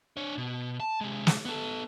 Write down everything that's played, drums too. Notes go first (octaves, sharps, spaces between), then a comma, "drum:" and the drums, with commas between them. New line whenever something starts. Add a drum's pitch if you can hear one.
D4 C#5
B2
A5
C3 G#3
drum: snare
B3 A4